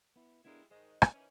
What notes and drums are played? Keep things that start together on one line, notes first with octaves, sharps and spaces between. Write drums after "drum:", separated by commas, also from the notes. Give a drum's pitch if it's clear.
B3 E4
G3 G#3 B3 D4 E4 A#4
D#3 G#3 C5 D#5
drum: rim click
D#3 E3 C#4